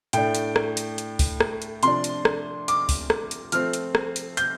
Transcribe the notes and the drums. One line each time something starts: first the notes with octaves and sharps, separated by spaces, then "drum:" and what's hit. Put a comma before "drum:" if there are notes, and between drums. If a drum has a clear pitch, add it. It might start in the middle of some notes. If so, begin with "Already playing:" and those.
A2 A3 D4 G5, drum: hi-hat
drum: hi-hat
drum: rim click
drum: hi-hat
drum: hi-hat
drum: kick C#2, open hi-hat
drum: rim click
drum: hi-hat
C3 F3 D4 C6, drum: hi-hat
drum: hi-hat
drum: rim click
D6, drum: hi-hat
drum: kick C#2, open hi-hat
drum: rim click
drum: hi-hat
F3 A3 C4 F6, drum: hi-hat
drum: hi-hat
drum: rim click
drum: hi-hat
G6, drum: hi-hat